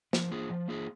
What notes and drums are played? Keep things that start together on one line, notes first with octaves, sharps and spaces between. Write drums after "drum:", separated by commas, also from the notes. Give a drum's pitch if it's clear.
F3, drum: snare
A#3 F4 G#4
F3
A#3 F4 G#4